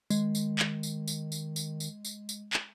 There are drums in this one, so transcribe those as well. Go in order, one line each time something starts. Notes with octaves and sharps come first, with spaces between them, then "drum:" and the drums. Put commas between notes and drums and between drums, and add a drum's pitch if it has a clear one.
D#3 G#3, drum: tambourine
drum: tambourine
drum: clap
drum: tambourine
drum: tambourine
drum: tambourine
drum: tambourine
drum: tambourine
drum: tambourine
drum: tambourine
drum: clap